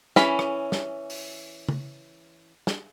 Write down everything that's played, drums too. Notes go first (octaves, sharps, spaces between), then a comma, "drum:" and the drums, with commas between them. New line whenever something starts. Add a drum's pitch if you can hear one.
E3 C#4 B5, drum: snare
drum: rim click
drum: snare
drum: open hi-hat
drum: tom
drum: snare